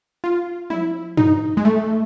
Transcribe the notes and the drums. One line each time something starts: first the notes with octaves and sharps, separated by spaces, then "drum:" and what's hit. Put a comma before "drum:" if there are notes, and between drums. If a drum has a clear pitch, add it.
F4
E4, drum: tom F3
D#4, drum: tom G2
G#3
A3